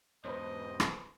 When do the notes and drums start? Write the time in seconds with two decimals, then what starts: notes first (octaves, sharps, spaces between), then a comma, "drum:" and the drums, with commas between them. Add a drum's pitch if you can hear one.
0.25 B1 E2 B4 C5 D#5
0.80 drum: rim click